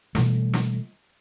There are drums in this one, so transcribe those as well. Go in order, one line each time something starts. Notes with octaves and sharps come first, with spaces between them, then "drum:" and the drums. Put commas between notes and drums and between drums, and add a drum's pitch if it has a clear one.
B2 E3 G3 A3, drum: snare
drum: snare